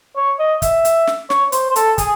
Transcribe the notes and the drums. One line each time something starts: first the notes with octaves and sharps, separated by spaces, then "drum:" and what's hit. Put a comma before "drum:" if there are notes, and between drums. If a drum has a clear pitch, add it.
C#5
D#5
E5, drum: kick, hi-hat
drum: hi-hat
drum: snare
C#5, drum: snare
C5, drum: hi-hat
C5
A4, drum: hi-hat
G#4, drum: kick, hi-hat